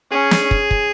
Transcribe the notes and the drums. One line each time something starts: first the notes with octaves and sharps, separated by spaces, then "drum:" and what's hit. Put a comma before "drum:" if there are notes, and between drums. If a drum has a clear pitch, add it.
C#4 G#4
drum: snare
drum: kick
drum: kick